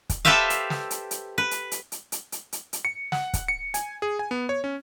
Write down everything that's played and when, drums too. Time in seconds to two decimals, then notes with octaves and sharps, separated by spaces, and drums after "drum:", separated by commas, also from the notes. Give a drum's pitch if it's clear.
0.10 drum: kick, hi-hat
0.25 G4 A4 B4 C5 E5 F5
0.50 drum: hi-hat
0.70 drum: snare
0.91 drum: hi-hat
1.11 drum: hi-hat
1.38 B4
1.51 drum: hi-hat
1.72 drum: hi-hat
1.92 drum: hi-hat
2.12 drum: hi-hat
2.32 drum: hi-hat
2.53 drum: hi-hat
2.73 drum: hi-hat
2.85 C#7
3.12 F#5, drum: snare
3.34 drum: kick, hi-hat
3.48 C#7
3.74 G#5, drum: hi-hat
4.02 G#4
4.19 G#5
4.31 B3
4.49 C#5
4.64 C#4